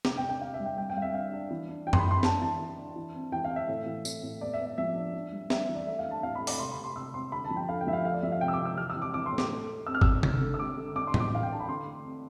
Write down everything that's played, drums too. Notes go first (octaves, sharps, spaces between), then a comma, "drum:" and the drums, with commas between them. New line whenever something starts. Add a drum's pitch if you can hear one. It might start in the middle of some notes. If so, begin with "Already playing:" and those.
C3 D6, drum: snare
G5
D4
G5
D4 F5
E5
G3
G5
G3 G5
G5
G3 F5
E5
D4 F5
D4
E3
D4
E3 G5
C6, drum: tom F#2
B5
E3
C6
D4 A5, drum: snare
E3 A5
E3
D4
E3
C4
E3 G5
F5
C4
E5
A2
E3
A2, drum: tambourine
A2
B3 D5
E5
B3
E5
F3 E5
D4
D4
G3
D4 E5, drum: snare
E3
D5
A3 E5
F5
D4
A5
A2 F5
B5
A3
D6, drum: open hi-hat
C3 C6
B5
C3
C6
C3 E6
C4 C6
D3 B5
A5
F3
G5
D3 F5
G5
F3 E5
F5
A3 F5
D5
F3 E5
F5
C3 G5
E6
D6
C3
E6
E3 F6
E6
E3
D6
E3 D6
C6
A2
D6, drum: snare
A3
A3
C4 E6
F6
C4 E6, drum: kick G#1
D3, drum: tom C3
D3
E6
D3 D6
D3
D4 D6
C6
E3, drum: tom A2
D6
E3 F5
G5
D4 A5
B5
D3 C6
A3
C4